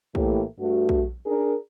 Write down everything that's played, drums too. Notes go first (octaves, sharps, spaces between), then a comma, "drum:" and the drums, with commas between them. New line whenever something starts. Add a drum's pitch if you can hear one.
A2 E3 A3 A#3 G4, drum: kick
G2 A3 F#4
drum: kick
D4 G#4 A#4